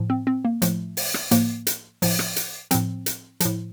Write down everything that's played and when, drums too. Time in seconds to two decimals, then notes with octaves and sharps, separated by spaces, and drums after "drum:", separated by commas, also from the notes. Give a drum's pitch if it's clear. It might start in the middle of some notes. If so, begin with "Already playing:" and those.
Already playing: A2 F3
0.10 C4
0.27 C4
0.45 A#3
0.62 A2 F3 A3, drum: hi-hat
0.97 drum: open hi-hat
1.14 drum: rim click
1.31 A2 F3 A#3, drum: hi-hat
1.67 drum: hi-hat
2.02 A2 F3, drum: open hi-hat
2.19 drum: rim click
2.36 drum: hi-hat
2.71 A2 F3 C4, drum: hi-hat
3.06 drum: hi-hat
3.40 A2 F3, drum: hi-hat